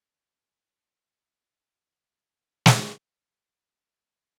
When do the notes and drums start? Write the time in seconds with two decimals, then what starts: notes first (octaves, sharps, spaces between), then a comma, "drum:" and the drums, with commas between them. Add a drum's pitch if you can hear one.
0.11 E3 A3 C4 G#4
0.26 A4
0.39 B4
0.53 C5
0.67 D5
1.23 B2 B3 D4
1.78 E5
2.33 A2 E3 A3 C4
2.66 drum: snare
3.44 D3 A3 D4
4.00 A5